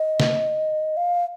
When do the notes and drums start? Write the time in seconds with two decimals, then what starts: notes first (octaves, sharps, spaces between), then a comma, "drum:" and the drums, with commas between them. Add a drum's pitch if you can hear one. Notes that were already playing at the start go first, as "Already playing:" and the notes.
Already playing: D#5
0.20 drum: snare
0.97 F5